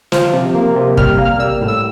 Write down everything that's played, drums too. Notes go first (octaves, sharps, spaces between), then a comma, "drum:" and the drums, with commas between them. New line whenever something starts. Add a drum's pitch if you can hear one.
F3, drum: snare
C3
A#3
C3
G3 F6, drum: kick
A#3
F6
G3 E6
A2
E6